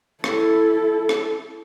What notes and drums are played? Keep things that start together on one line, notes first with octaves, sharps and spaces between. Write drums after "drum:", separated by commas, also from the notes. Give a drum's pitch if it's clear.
E4 A4, drum: rim click
drum: rim click